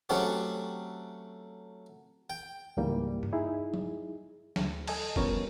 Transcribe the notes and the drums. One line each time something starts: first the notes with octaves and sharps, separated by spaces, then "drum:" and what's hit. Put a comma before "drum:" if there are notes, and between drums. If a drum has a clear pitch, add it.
F#3 A3 C4 C#4 F#4 G4
G5
C#2 G#2 E3 G3 A#3
drum: tom G2
D#4 E4 G#4
drum: tom F3
D2, drum: snare
A4 D#5 G#5 A5, drum: cymbal
F3 G3 B3 C#4 A#4 C#5, drum: kick F1